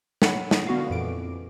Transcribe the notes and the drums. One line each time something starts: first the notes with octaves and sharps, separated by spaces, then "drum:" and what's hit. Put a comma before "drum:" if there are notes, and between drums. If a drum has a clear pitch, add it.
C#5 F#5 B5, drum: snare
drum: snare
D3 B3 F#4 F5
F2 A#2 E3 D6 D7